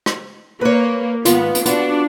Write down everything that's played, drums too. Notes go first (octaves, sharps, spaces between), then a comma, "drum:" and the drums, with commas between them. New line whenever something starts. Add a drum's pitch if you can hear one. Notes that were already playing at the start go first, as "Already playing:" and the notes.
drum: rim click
A#3 B4 C#5
G#2 D#3 B3 F4, drum: hi-hat
drum: hi-hat
B3 D4 F4 F#4, drum: hi-hat